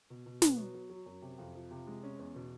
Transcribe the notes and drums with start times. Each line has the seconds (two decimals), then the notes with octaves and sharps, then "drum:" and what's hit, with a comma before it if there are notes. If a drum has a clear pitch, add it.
0.10 B2
0.26 B2
0.42 B3, drum: snare
0.57 F#3
0.74 F#3
0.90 F#3
1.06 F#2
1.22 C3
1.38 F2
1.55 F3
1.71 C3
1.87 G#3
2.03 C#4
2.19 E2
2.35 B2